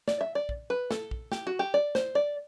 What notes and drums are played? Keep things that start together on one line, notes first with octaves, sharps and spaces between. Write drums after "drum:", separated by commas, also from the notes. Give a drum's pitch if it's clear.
D5, drum: snare
E5
D5
drum: kick
B4
A4, drum: snare
drum: kick
G4, drum: snare
F#4
G4
D5
C5, drum: snare
D5